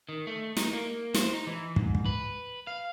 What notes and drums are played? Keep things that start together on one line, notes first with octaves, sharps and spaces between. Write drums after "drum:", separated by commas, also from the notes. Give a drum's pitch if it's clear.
D#3
A3
D#4, drum: snare
A#3
C5, drum: snare
D#4
E3
G#2, drum: kick
drum: kick
B4
F5